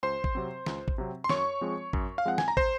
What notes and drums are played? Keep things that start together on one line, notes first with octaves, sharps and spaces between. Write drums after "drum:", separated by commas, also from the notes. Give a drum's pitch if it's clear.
C#2 C5 C6
drum: kick
C3 F#3 C4
C#2, drum: snare
drum: kick
C3 F#3 C4
C6
F#2 C#5 C#6, drum: snare
F3 G#3 C4
F#2, drum: kick
F5
F3 G#3 C4 F#5
G#5, drum: snare
A#5
C5 C6, drum: kick